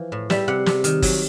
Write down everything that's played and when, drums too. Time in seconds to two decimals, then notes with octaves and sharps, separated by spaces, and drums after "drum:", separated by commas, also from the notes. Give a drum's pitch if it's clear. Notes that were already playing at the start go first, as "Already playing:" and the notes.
Already playing: E3 F3
0.12 A2
0.30 G3 E5, drum: snare
0.48 C3 F#5
0.66 C3, drum: snare
0.84 D#3, drum: hi-hat
1.02 F#3, drum: kick, open hi-hat